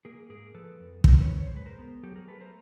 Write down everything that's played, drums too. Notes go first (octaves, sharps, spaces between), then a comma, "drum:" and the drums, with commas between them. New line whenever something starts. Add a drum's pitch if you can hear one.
A#3 G#4 A#4
G#2 G#4 A#4
F3 A4 B4
F2
F3 A#4 C5, drum: kick
B4 C#5
F#2
C#5
C5
G#3 B4
A#4 C5
B3
F#3 G4 A4
G#4 A#4
A3 A4 B4
A#4 C5